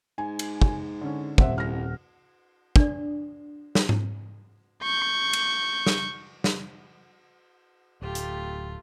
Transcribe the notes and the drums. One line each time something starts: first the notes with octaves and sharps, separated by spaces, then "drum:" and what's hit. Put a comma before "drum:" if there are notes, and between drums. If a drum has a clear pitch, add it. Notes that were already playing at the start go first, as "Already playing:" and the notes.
G#2 G#5
drum: cymbal
drum: kick
D3 C#4
D#1 C4 E5 F#5, drum: kick
C2 F6 A#6
D4 D5, drum: kick
drum: snare
drum: tom G#2
C#6 G6
drum: cymbal
drum: snare
drum: snare
D1 A3 F4 G4
drum: hi-hat